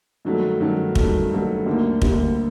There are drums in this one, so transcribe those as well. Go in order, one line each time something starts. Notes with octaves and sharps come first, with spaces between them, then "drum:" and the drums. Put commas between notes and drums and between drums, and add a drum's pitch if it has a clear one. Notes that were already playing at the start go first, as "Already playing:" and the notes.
G2 D#3 F#3 A3
G2 D#3 F#3 A3
G2 D#3 F#3 A3, drum: kick
G2 D#3 F#3 A3
D2 D3 G3 A#3
D2 D3 G3 A#3, drum: kick